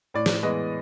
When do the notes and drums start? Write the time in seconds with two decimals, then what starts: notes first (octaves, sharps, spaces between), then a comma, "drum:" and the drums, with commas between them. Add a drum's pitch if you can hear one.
0.14 A2 D5
0.26 drum: snare
0.43 E3 G#3 B3 D#5